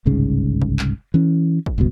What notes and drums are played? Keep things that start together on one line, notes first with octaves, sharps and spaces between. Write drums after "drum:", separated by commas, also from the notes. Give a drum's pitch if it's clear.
G1 C2 G#2 C#3
drum: kick
drum: clap
E3 C#4
drum: kick
D1 C#2 G2 B2